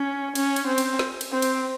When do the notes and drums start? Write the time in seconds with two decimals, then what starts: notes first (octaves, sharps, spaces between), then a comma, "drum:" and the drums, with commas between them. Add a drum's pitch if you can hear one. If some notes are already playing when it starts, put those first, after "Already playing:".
Already playing: C#4
0.35 C#4, drum: cymbal
0.56 drum: cymbal
0.67 C4
0.78 drum: cymbal
0.99 drum: snare
1.21 drum: cymbal
1.32 C4
1.42 drum: cymbal